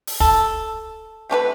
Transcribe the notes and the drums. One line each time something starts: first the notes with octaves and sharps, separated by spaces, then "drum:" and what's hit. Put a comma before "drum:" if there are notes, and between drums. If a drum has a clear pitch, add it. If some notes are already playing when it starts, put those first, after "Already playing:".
drum: open hi-hat
A4, drum: kick
C3 A3 C#4 B4